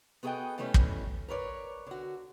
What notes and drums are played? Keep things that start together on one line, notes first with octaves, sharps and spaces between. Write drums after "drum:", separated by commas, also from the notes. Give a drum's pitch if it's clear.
B3 F#4 G#4 A4 D#5 G5
B2 E3 G3 A3 C#4
drum: kick
A#4 B4 C#5 D5
D3 F#4